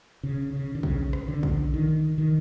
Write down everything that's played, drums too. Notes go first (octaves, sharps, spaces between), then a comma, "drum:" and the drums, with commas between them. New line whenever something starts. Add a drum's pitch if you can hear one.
C#3
C#3
D3
C#3, drum: kick
drum: rim click
D3
drum: kick
D#3
D#3